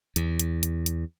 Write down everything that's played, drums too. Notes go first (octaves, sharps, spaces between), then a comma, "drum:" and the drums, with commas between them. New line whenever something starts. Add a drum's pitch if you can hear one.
E2, drum: hi-hat
drum: hi-hat
drum: hi-hat
drum: hi-hat